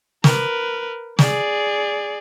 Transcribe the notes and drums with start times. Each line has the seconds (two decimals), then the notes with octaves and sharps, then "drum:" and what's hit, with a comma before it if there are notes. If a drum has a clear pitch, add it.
0.24 A#4 B4, drum: snare
1.19 G#4 D5, drum: snare